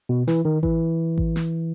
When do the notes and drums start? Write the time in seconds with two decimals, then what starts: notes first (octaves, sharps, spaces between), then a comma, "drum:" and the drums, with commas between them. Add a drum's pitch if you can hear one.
0.09 B2
0.28 E3, drum: snare
0.45 D#3
0.63 E3, drum: kick A1
1.18 drum: kick A1
1.36 drum: snare